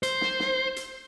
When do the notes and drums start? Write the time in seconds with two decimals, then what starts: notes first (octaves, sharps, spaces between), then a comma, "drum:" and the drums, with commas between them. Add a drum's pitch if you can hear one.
0.03 C5, drum: hi-hat
0.21 drum: snare
0.40 drum: snare
0.76 drum: hi-hat